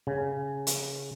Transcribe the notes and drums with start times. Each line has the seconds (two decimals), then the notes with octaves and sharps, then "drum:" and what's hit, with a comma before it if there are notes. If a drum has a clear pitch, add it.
0.07 C#3
0.67 drum: hi-hat